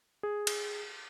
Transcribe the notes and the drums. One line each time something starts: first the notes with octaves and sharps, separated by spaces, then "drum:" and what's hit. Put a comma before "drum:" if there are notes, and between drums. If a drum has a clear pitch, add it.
G#4
drum: cymbal